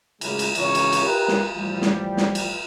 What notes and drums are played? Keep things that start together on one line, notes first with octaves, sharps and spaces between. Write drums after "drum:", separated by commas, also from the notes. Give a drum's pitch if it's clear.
A2 C#3 F#3 G#3 A#3 E4, drum: cymbal
drum: cymbal
G#1 C#3 E3 C#4 C#5, drum: cymbal
drum: cymbal
drum: cymbal
G4 A#4 B4
drum: snare
A2 E3 F3 G3
drum: snare
drum: snare
drum: cymbal